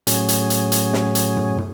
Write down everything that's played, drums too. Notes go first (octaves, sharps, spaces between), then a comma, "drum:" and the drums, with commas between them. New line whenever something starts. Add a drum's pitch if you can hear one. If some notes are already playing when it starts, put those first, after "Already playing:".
A2 F#3 C#4 G#4, drum: hi-hat
drum: hi-hat
drum: hi-hat
drum: hi-hat
drum: snare
drum: hi-hat
drum: tom
drum: tom